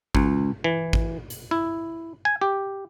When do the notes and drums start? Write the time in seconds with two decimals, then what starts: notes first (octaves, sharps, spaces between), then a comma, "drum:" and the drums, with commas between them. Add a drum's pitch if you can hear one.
0.15 C#2, drum: kick G#1
0.64 E3
0.93 drum: kick G#1
1.30 drum: hi-hat
1.51 E4
2.25 G#5
2.42 G4